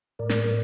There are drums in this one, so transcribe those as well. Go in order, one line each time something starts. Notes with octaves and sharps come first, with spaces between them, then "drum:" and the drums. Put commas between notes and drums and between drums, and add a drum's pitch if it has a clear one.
A2 A#4 D5
drum: snare
A#4